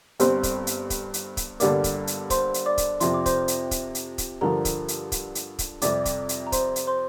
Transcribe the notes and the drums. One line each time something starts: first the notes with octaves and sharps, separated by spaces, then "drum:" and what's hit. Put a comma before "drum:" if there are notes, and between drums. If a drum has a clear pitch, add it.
G1 G2 G3 C4 C5 C6, drum: hi-hat
drum: kick C#1, hi-hat
drum: hi-hat
drum: kick C#1, hi-hat
drum: hi-hat
drum: kick C#1, hi-hat
G1 G2 D3 G3 A#3 D5 D6, drum: hi-hat
drum: kick C#1, hi-hat
drum: hi-hat
C5 C6, drum: kick C#1, hi-hat
drum: hi-hat
D5 D6
drum: kick C#1, hi-hat
F2 C3 F3 C6, drum: hi-hat
D6
C5 C6, drum: kick C#1, hi-hat
drum: hi-hat
drum: kick C#1, hi-hat
drum: hi-hat
drum: kick C#1, hi-hat
G2 D3 F3 A#4 A#5
drum: kick C#1, hi-hat
drum: hi-hat
drum: kick C#1, hi-hat
drum: hi-hat
drum: kick C#1, hi-hat
F2 C3 G3 D5 D6, drum: hi-hat
drum: kick C#1, hi-hat
drum: hi-hat
A#5
C5 C6, drum: kick C#1, hi-hat
drum: hi-hat
C5 C6